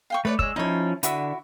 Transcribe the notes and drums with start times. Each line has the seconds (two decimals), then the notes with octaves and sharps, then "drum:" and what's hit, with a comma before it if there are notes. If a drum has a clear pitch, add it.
0.10 F5 G5 C#6
0.25 A3 B4 C#5 D5
0.39 G#3 C#5 E6, drum: kick
0.56 F3 C#4 D#4 E4 C#5
1.03 D3 E4 F#4 E5, drum: hi-hat